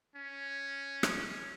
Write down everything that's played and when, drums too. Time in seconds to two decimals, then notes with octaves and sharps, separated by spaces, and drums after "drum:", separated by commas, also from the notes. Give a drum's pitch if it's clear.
0.16 C#4
1.03 drum: rim click